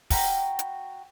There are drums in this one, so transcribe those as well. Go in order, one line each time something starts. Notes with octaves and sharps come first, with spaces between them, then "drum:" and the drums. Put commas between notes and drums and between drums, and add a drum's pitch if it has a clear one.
F#4 G5 A#5 B5, drum: kick, open hi-hat
drum: hi-hat